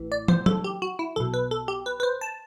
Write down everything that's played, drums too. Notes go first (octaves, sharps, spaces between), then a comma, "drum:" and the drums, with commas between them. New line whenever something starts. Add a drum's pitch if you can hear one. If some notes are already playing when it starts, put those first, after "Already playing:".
Already playing: A1 A2 E3
D5
C5, drum: tom
A4, drum: tom F#3
G4
F#4
E4
B1 B2 A4
B4
A4
G4
B4
B4
C5
A5